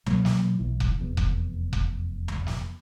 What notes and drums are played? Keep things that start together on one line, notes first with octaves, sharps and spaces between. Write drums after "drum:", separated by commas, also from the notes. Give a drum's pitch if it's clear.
B2 E3 F#3 A#3, drum: tom C#2
drum: snare
B1 E3
drum: kick F1
F1 E2
drum: kick F1
drum: kick F1
drum: tom C#2
drum: snare